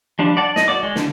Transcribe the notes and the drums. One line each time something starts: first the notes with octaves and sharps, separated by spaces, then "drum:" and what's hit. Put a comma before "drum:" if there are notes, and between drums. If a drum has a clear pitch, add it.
F3 G3 D4
D5 F#5 A5
D#5, drum: snare
F#4 D5 D6
G#3
D3, drum: snare